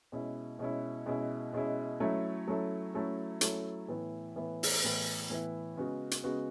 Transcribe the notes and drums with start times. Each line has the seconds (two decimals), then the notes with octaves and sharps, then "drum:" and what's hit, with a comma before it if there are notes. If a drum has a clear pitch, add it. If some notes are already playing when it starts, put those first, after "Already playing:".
0.12 B2 G#3 C#4 E4
0.59 B2 G#3 C#4 E4
1.06 B2 G#3 C#4 E4
1.53 B2 G#3 C#4 E4
2.00 F#3 A3 C#4 E4 A4
2.48 F#3 A3 C#4 E4 A4
2.94 F#3 A3 C#4 E4 A4
3.41 F#3 A3 C#4 E4 A4, drum: hi-hat
3.88 A2 E3 B3 E4 B4
4.36 A2 E3 B3 E4 B4
4.63 drum: open hi-hat
4.83 A2 E3 B3 E4 B4
5.30 A2 E3 B3 E4 B4
5.77 C#3 G#3 B3 F#4
6.11 drum: hi-hat
6.23 C#3 G#3 B3 F#4